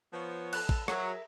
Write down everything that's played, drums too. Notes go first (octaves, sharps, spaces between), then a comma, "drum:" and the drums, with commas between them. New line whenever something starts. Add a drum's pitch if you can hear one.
F3 B3 C#5
A4 B4 F#6, drum: cymbal
drum: kick A1
F#3 G#4 A#4 E5, drum: rim click